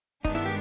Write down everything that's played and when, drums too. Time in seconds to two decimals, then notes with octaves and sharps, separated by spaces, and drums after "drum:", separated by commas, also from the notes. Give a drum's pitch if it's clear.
0.25 G2 D#3 G#3 B3 D4 D#4, drum: kick
0.35 E4
0.46 G4